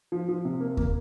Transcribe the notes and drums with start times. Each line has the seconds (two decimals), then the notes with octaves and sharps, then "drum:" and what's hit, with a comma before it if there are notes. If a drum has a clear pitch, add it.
0.12 F3
0.29 F3
0.45 C3
0.60 A#3
0.77 A#3, drum: kick